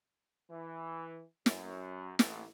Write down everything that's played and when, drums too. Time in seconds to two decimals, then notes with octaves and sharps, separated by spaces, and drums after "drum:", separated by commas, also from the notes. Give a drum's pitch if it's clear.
0.50 E3
1.46 F#2, drum: snare
2.19 A1, drum: snare